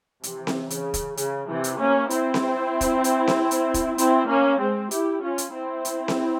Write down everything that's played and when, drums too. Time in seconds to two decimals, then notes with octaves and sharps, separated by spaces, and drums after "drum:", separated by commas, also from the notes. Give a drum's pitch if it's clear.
0.23 C3 E3, drum: hi-hat
0.47 drum: snare C4
0.70 C#3, drum: hi-hat
0.94 drum: kick, hi-hat
1.17 C#3, drum: hi-hat
1.49 C3 E3
1.64 drum: hi-hat
1.79 A#3 C#4
2.10 C4 E4, drum: hi-hat
2.34 drum: snare C4
2.81 drum: kick, hi-hat
3.04 drum: hi-hat
3.27 drum: snare C4
3.51 drum: hi-hat
3.74 drum: kick, hi-hat
3.98 C4 E4, drum: hi-hat
4.28 A#3 C#4
4.60 G#3 C4
4.91 E4 G4, drum: hi-hat
5.23 C#4 F4
5.38 drum: hi-hat
5.54 C4 E4
5.85 drum: hi-hat
6.08 drum: snare C4